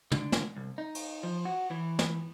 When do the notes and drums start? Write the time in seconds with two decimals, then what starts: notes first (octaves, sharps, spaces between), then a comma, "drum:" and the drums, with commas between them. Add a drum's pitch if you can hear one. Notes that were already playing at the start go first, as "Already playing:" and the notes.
0.12 D3, drum: tom
0.32 drum: snare
0.57 C2
0.78 D#4
0.95 drum: cymbal
1.23 F3
1.45 F#4
1.71 E3
1.99 drum: snare